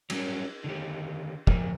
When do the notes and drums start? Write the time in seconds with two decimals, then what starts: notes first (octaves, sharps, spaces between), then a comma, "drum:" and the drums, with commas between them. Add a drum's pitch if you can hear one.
0.10 F#3 G3 C#4 A#4, drum: cymbal
0.64 D3 D#3 G4
1.47 F3 A#4, drum: kick